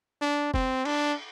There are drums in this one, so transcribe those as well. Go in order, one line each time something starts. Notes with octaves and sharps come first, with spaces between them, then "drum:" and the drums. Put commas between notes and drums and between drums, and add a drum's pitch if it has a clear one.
D4
C4, drum: kick
D4, drum: cymbal